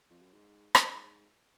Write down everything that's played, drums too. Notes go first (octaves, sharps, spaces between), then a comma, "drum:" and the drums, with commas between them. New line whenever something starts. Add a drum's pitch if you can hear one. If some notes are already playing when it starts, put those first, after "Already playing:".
F2
F#2
G#2
drum: rim click
G#2